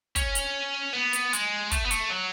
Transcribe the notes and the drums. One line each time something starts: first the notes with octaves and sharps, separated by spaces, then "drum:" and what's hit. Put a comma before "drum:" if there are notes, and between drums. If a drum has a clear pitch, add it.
C#4, drum: kick, hi-hat
drum: hi-hat
B3
drum: hi-hat
G#3, drum: hi-hat
A3, drum: kick, hi-hat
B3
A3, drum: hi-hat
F#3